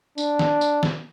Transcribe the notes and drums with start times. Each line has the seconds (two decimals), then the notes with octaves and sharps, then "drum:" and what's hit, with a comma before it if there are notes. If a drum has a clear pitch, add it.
0.18 D4, drum: tambourine
0.39 drum: snare
0.61 drum: tambourine
0.83 drum: snare